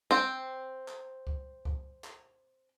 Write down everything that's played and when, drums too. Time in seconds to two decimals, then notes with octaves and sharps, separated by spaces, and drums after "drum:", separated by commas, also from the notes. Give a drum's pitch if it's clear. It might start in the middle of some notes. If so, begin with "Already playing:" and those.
0.11 C4 G5
0.88 drum: clap
1.27 drum: kick C#2
1.65 drum: kick C#2
2.04 drum: clap